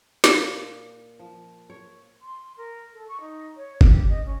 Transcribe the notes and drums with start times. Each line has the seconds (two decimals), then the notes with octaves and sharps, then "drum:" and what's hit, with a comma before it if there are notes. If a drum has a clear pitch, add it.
0.24 A#2, drum: snare
1.19 F3
1.70 C#5
2.22 C6
2.57 A#4
2.94 A4
3.08 C#6
3.21 D#4
3.56 C#5
3.81 G4, drum: kick G1
4.09 D#5
4.25 C#4